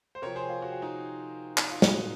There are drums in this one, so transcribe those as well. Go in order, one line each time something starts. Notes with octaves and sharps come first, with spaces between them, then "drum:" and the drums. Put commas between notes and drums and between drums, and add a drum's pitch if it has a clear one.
C5
C3 F3 A#4 C#5
G#4 C5
F4 G#4
F#4
G#4
D#4 F#4
D#4, drum: clap
F4
D#4 F#4, drum: snare